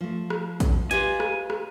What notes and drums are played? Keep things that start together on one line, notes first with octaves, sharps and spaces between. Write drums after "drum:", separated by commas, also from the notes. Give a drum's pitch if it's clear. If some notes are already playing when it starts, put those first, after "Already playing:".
F3 A3
drum: rim click
drum: kick A1, hi-hat
F4 G4 B4 D#5 G#5, drum: hi-hat
drum: rim click
drum: rim click